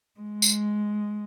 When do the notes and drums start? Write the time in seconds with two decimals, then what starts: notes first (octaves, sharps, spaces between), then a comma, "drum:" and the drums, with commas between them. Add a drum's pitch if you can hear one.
0.20 G#3
0.42 drum: tambourine